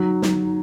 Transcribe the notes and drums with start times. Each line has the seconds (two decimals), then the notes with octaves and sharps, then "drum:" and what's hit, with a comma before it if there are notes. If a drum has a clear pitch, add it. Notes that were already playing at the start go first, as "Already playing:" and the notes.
Already playing: F#3 D#4
0.22 F#3, drum: snare